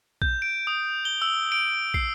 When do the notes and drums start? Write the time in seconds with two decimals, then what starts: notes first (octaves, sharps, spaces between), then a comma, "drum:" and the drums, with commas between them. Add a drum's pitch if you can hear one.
0.22 G6, drum: kick
0.42 D7
0.67 D#6
1.05 G7
1.22 E6
1.52 D7
1.94 C7, drum: kick